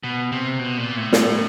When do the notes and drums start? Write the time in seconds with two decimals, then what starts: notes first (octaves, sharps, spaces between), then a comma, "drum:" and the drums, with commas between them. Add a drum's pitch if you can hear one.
0.03 B2
0.32 C3
0.59 B2
0.78 A#2
0.97 A2
1.13 drum: snare